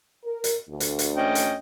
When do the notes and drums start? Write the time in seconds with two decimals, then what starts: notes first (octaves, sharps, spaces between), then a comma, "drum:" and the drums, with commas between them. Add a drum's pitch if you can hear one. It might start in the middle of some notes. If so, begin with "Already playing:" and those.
0.24 A#4
0.44 drum: hi-hat
0.69 D2
0.80 drum: hi-hat
0.99 drum: hi-hat
1.17 C#4 D#5 G5
1.35 drum: hi-hat